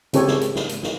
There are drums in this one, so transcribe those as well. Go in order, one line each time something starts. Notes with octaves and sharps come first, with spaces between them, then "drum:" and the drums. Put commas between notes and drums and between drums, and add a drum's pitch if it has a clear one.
C#3 C4 G4 A4 C#5, drum: hi-hat
drum: snare
drum: hi-hat
drum: snare
drum: hi-hat
drum: snare